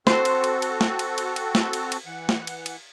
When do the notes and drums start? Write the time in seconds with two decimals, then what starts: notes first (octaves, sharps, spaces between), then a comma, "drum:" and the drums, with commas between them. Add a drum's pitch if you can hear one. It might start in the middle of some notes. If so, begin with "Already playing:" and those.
0.07 C4 F#4 A4 C5, drum: snare
0.25 drum: cymbal
0.44 drum: cymbal
0.62 drum: cymbal
0.81 drum: snare
0.99 drum: cymbal
1.18 drum: cymbal
1.36 drum: cymbal
1.55 drum: snare
1.73 drum: cymbal
1.92 drum: cymbal
2.06 E3 F#5
2.29 drum: snare
2.47 drum: cymbal
2.66 drum: cymbal